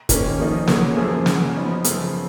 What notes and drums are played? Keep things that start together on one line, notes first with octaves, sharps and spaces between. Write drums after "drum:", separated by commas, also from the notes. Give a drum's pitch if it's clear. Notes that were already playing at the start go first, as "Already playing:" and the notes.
D#3 A#3 C#4, drum: kick, hi-hat
F3 A#3 D#4
A#2 F#3 A#3 C#4 G#4, drum: snare
F#2 F3 A#3 C#4 G#4
C#3 F#3 C#4, drum: snare
F3 B3 D#4
F#2 C#3 F3, drum: hi-hat